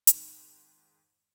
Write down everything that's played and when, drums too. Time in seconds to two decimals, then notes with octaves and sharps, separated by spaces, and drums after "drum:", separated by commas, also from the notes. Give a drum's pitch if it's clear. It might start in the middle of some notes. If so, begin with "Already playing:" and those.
0.07 F2 G#2 D#3, drum: hi-hat